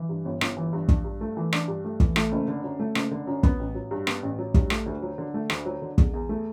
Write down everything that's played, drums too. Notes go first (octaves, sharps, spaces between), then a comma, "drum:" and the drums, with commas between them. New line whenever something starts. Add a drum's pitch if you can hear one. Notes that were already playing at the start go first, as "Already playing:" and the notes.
Already playing: E3
G2
G1
G1, drum: rim click
E3
G2
D4, drum: kick
G2
A3
E3
D4, drum: rim click
G2
A3
E3, drum: kick
A3, drum: rim click
F#1
D3
F#2
A3
F#1, drum: rim click
D3
F#2
B3, drum: kick
A1
F#3
G2
B3, drum: rim click
A1
F#3
G2, drum: kick
A3, drum: rim click
D2
F#3
D3
A3
D2, drum: rim click
F#3
D3
E2, drum: kick
E2
A3